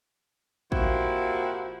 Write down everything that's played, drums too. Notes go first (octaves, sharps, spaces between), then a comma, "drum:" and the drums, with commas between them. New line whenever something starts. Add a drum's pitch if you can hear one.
A#2 F3 C4 E4 F#4 G4, drum: kick A1